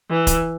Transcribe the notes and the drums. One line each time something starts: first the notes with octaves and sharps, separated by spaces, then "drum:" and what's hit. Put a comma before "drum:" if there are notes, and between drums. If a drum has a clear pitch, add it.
E3
drum: kick, hi-hat